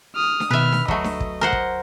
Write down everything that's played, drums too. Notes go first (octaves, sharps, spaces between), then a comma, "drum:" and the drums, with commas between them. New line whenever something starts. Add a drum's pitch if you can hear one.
D#6 F6
drum: snare D4
B2 D#3 B4 E5 F6
drum: snare D4
D2 F#3 A3 D#5, drum: kick
drum: snare D4
drum: kick
A#4 C5 F#5
drum: kick